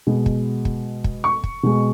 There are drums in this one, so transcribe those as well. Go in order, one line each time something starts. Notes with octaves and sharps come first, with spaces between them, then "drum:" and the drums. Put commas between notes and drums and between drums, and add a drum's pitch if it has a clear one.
B2 G#3
drum: kick
drum: kick
drum: kick
C#6
drum: kick
B2 G#3